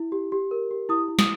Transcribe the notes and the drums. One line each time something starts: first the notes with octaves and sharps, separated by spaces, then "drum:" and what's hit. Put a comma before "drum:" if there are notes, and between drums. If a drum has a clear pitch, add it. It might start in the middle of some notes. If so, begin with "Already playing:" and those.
Already playing: E4
G4
G4
A#4
G4
E4 D#6
E4
D#6, drum: snare